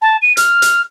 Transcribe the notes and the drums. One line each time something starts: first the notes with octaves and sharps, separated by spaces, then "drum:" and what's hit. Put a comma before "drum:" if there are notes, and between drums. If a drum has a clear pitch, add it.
A5
D#7
F6, drum: hi-hat
drum: hi-hat